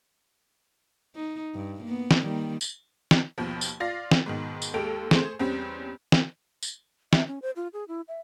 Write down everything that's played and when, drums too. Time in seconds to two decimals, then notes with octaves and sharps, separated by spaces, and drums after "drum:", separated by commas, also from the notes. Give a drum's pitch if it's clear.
1.15 D#4
1.55 G2
1.84 A#3 B3
2.11 drum: snare
2.20 D#3 G3 A#3
2.61 drum: tambourine
3.11 drum: snare
3.38 D#2 B2 F3
3.61 drum: tambourine
3.80 F4 D5 F5 A6 A#6 C7
4.11 drum: snare
4.26 G#2 B2 D#3
4.62 drum: tambourine
4.74 D#2 G#3 G4 A4 D7 F7
5.11 A3 G#4 C5, drum: snare
5.39 E2 G3 C4 C#4
6.12 drum: snare
6.63 drum: tambourine
7.13 E5, drum: snare
7.27 C#4
7.42 C5
7.56 F4
7.73 G#4
7.88 E4
8.08 E5